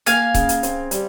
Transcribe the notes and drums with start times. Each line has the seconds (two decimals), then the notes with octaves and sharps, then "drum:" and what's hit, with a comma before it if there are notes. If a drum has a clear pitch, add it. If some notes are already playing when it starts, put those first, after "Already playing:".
0.06 A#3 F5 G#5, drum: hi-hat
0.34 C#3, drum: kick C#1, hi-hat
0.49 drum: hi-hat
0.63 C4, drum: hi-hat
0.91 G3, drum: hi-hat